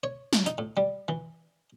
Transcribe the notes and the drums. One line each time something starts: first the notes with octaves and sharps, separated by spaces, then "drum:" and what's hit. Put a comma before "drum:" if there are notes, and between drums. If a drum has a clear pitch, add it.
C#5
drum: snare
D#4, drum: hi-hat
A2
G3
E3